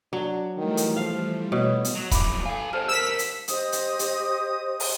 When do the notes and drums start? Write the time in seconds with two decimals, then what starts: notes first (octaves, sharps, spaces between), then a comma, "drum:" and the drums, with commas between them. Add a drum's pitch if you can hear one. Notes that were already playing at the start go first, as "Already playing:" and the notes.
0.13 F#3 D4
0.57 D#3 E3 G3 A3
0.77 drum: hi-hat
0.96 F3 F5
1.52 B2 C#5
1.85 drum: hi-hat
1.95 F#3
2.11 F2 F#3 E4 B5 D6, drum: kick D#1, hi-hat
2.46 A4 F5 G#5
2.73 G4 A4 C5 D5 A5 F6
2.88 G4 A#4 E6 B6
3.19 drum: hi-hat
3.48 G4 C5 D#5 D#6, drum: hi-hat
3.72 drum: hi-hat
3.99 drum: hi-hat
4.80 drum: open hi-hat